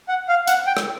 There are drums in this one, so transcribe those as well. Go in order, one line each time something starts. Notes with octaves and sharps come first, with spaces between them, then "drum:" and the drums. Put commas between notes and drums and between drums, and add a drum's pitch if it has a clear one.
F#5
F5
F#5, drum: hi-hat
G5
drum: rim click